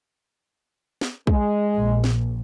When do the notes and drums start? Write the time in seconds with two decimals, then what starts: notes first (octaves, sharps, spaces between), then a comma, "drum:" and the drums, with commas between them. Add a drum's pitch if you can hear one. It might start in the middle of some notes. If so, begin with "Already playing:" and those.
1.01 drum: snare
1.27 G#3, drum: kick
1.78 A#1
2.04 drum: snare